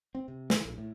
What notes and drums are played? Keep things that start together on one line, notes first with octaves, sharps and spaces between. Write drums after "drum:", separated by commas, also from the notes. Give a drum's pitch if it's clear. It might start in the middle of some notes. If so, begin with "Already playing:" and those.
C4
C3
E3, drum: snare
A#1
A2